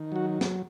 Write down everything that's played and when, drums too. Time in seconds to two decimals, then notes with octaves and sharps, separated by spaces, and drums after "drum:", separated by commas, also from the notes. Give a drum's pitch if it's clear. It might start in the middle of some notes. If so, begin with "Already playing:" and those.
Already playing: D#3
0.12 F#3 F#4
0.41 drum: snare